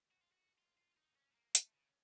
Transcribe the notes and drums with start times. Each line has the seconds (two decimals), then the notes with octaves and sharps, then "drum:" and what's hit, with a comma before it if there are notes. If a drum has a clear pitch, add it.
0.11 F#4
0.21 F4
0.32 F#4
0.58 F4
0.77 F4
0.97 D#4
1.16 C#4
1.31 A3
1.35 A#3
1.55 A3, drum: hi-hat
1.74 C#3